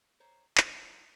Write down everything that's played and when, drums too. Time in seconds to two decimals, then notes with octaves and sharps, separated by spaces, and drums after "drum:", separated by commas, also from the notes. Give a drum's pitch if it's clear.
0.20 C5 C#5 A#5
0.58 F2 G#2 D3 D#3 E4, drum: clap
0.80 F#3 D4 D#4 F4 G#4 C5